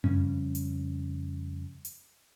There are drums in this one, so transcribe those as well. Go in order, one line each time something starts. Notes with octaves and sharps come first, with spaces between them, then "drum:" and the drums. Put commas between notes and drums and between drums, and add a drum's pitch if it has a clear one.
F2 C#3 G3 C#4, drum: tom F#2
drum: hi-hat
drum: hi-hat